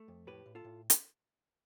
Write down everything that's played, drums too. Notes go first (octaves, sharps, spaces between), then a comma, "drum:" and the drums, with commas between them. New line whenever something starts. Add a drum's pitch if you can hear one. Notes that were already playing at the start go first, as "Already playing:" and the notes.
Already playing: A3
F2
A2 G4 B4
A2
F4 A4
A2
drum: hi-hat